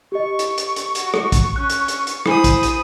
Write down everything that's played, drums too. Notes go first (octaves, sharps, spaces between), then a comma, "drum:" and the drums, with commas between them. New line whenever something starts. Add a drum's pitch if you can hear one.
G4 D#5 C#6
drum: hi-hat
drum: hi-hat
drum: hi-hat
F#4, drum: hi-hat
drum: rim click
drum: kick, hi-hat
C#4 F#6
drum: hi-hat
drum: hi-hat
drum: hi-hat
E4 C5 G#5 B5 D#6, drum: rim click
drum: kick, hi-hat
drum: hi-hat